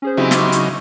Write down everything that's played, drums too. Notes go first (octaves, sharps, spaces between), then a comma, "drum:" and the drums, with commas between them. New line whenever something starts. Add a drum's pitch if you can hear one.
C#4 G#4 C5
C#3 F#3 C4 D#4 E4 G4
C#6 D6 F6, drum: snare
drum: hi-hat